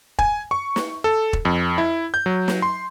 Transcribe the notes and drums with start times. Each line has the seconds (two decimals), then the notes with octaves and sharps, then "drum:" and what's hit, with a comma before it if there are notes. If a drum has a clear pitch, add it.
0.19 G#5, drum: kick E1
0.51 C#6
0.76 drum: snare
1.04 A4
1.33 drum: kick E1
1.45 F2
1.78 E4
2.14 G6
2.26 F#3
2.48 drum: snare
2.62 C6